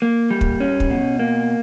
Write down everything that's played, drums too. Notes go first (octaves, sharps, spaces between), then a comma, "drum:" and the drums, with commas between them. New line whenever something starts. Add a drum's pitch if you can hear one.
A#3
G3
drum: kick
C#4
drum: kick
B2
A#3